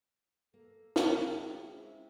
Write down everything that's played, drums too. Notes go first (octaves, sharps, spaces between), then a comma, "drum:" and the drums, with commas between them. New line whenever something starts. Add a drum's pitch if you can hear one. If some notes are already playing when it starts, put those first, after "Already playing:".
A#3 A4
G4, drum: snare
G#3 E4 F4 G#4
C3 C#4